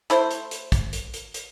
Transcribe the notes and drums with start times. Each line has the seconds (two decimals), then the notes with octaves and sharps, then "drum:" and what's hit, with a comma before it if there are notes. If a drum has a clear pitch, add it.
0.10 A3 E4 C5, drum: hi-hat
0.31 drum: hi-hat
0.51 drum: hi-hat
0.72 drum: kick, hi-hat
0.93 drum: hi-hat
1.14 drum: hi-hat
1.34 drum: hi-hat